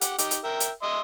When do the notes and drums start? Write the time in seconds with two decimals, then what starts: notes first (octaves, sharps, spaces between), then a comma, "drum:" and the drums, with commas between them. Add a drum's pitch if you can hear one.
0.01 G4 F#5, drum: hi-hat
0.18 D#4 G4, drum: hi-hat
0.31 drum: hi-hat
0.44 A#4 E5 G5
0.60 drum: hi-hat
0.83 D#5 E5 C6